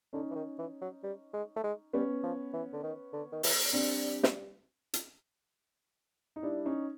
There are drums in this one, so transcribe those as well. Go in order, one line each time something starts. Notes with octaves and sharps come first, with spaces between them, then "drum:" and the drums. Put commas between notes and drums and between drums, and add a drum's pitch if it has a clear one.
D3 C#4 D#4
E3
D#3
E3
F#3
G3
G#3
A3
G#3
G3 B3 C#4
F3
E3
D3
D#3
D3
D#3
E3, drum: open hi-hat
G3 C4 D4
drum: snare
drum: hi-hat
D#4
G3 D4 E4
C#4 D#4